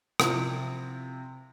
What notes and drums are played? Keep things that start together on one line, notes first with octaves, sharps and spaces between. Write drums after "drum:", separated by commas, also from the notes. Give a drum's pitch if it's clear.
C3 F3 C4 E4 F4, drum: rim click